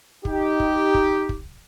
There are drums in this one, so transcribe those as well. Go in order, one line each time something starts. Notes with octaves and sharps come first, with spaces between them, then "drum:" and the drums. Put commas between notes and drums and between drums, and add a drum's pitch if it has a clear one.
D#4 G4, drum: kick
drum: kick
drum: kick
drum: kick